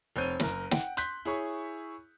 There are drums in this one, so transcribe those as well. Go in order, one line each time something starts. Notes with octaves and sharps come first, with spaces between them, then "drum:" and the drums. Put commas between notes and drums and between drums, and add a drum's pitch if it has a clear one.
F1 C4 C#5 G6 D#7
F#1 A#4, drum: snare
F#5 G5, drum: snare
C6 F#6 G6 B6, drum: hi-hat
E4 G#4 C#5 C#6